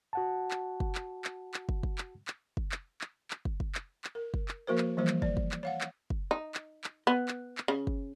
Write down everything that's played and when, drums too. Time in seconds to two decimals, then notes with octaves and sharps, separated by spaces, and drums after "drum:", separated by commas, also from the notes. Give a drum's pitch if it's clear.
0.13 F#4 F#5 A5
0.51 drum: clap
0.80 drum: kick
0.95 drum: clap
1.25 drum: clap
1.54 drum: clap
1.69 drum: kick
1.83 drum: kick
1.98 drum: clap
2.28 drum: clap
2.57 drum: kick
2.72 drum: clap
3.01 drum: clap
3.31 drum: clap
3.45 drum: kick
3.60 drum: kick
3.75 drum: clap
4.04 drum: clap
4.15 A#4
4.34 drum: kick
4.48 drum: clap
4.67 F3 A#3 F#4 A#4 C5
4.78 drum: clap
4.97 E3 F3 G3 A#3 C5
5.07 drum: clap
5.22 D5, drum: kick
5.37 drum: kick
5.52 drum: clap
5.63 C#5 F5 F#5
5.81 drum: clap
6.10 drum: kick
6.31 D#4
6.55 drum: clap
6.84 drum: clap
7.07 B3
7.28 drum: clap
7.58 drum: clap
7.68 C#3
7.87 drum: kick